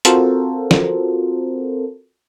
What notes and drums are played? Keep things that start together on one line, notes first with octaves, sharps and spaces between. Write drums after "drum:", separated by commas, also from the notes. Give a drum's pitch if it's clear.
C4 F4 F#4 A4 A#4 C5, drum: hi-hat
drum: snare